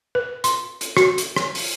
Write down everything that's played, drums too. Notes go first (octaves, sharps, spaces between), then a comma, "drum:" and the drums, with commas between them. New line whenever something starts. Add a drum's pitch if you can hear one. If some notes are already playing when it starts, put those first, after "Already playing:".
B4
C6, drum: hi-hat
drum: hi-hat
F#4, drum: rim click
drum: hi-hat
drum: rim click
drum: open hi-hat